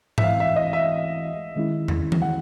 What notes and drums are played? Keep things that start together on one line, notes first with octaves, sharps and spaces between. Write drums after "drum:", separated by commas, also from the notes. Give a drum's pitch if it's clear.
E5, drum: tom G#2
E3 G#3 C4 E4 F5
E5
D#5
E5
D#3 G#3 C#4 E4
drum: tom E2
drum: tom E3
F#5